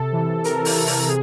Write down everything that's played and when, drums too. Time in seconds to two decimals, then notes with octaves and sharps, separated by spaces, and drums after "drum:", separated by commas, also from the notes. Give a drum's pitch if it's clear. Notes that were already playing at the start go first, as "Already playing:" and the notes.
Already playing: C3 A4
0.12 E3
0.44 C3 A#4, drum: hi-hat
0.65 drum: open hi-hat
0.75 E3 A4
0.86 drum: open hi-hat
1.08 C3 G#4